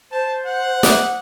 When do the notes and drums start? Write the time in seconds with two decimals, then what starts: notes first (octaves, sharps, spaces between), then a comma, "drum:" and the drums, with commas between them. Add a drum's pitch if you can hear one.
0.11 C5 A5
0.45 F#5
0.83 D5 D6 D#6, drum: snare